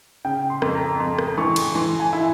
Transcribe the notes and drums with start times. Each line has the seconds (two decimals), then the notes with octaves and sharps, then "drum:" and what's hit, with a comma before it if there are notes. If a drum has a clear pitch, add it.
0.25 C#3 G5
0.50 C6
0.62 F2, drum: rim click
0.75 A#5
0.99 F2 C6
1.19 drum: rim click
1.37 E3 C#6
1.56 drum: cymbal
1.75 E3 C6
2.00 G#5
2.13 E4
2.18 E5